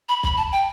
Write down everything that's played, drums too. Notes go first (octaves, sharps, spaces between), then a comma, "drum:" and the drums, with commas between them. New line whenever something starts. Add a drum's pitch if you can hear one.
B5
B5, drum: kick
A5
G5